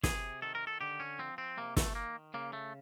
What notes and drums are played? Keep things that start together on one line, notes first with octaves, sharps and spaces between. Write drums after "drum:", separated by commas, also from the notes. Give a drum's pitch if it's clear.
C3 G#4, drum: snare
D#3 A4
A#4
A4
D3 G4
C#4
F3 C4
C4
C3 A#3
A3, drum: snare
D#3 A#3
C#3 A#3
A3